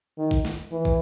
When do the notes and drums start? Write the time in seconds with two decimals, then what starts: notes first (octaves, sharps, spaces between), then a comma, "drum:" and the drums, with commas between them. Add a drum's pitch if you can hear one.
0.18 D#3
0.31 drum: kick
0.45 drum: snare
0.71 E3
0.85 drum: kick